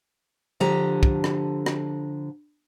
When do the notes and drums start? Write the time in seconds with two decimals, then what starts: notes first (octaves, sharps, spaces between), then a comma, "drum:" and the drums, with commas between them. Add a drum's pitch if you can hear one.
0.60 D3 F3 G4 A#5
1.03 drum: kick
1.24 drum: rim click
1.66 drum: rim click